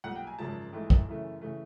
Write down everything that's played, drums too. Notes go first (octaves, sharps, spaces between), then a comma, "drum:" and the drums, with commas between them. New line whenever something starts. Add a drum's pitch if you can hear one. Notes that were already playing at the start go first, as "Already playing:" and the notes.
B1 A#2 G3 F#5
G5
G#5
G#1 F#2 C#3 F3 A5
A#1 G#2 E3 A3
drum: kick
F#2 C#3 E3 A3
C#3 E3 A3